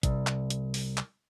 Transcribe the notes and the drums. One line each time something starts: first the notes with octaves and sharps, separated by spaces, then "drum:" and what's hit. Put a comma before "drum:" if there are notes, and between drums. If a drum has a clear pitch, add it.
C2, drum: kick A1, hi-hat
drum: clap
drum: hi-hat
drum: open hi-hat
drum: clap